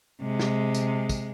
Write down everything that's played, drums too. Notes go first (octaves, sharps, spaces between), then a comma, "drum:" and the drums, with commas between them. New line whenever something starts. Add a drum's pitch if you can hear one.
C3 G#3
drum: snare
drum: tambourine
drum: kick, tambourine